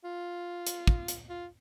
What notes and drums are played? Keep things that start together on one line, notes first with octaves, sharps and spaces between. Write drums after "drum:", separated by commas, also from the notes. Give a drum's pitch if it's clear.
F4
drum: hi-hat
drum: kick
drum: hi-hat
F4